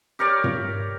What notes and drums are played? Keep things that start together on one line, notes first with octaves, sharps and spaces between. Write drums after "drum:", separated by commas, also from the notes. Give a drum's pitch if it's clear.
G4 A#4 C#5 D5
drum: tom